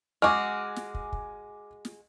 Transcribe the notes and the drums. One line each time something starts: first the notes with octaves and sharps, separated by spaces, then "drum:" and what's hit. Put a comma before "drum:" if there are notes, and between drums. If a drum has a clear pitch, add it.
G#3 F#4 G#5 D6 F6
drum: snare
drum: kick
drum: kick
drum: snare